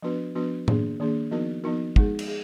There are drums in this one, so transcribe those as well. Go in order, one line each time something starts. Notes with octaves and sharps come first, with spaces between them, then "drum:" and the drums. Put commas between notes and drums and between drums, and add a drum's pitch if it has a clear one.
F3 B3 D4 F#4 B4
F3 B3 D4 F#4 B4
D#3 A#3 D4 G#4, drum: tom A2
D#3 A#3 D4 G#4
F3 B3 D#4 F#4 A#4
F3 B3 D#4 F#4 A#4
G#3 D#4 G#4, drum: kick
drum: cymbal
G#4